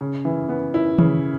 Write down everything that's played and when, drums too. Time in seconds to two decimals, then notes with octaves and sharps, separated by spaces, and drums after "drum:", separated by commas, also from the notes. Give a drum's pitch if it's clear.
0.01 C#3
0.25 E3
0.49 B3
0.74 E4
0.98 C#3, drum: tom D#3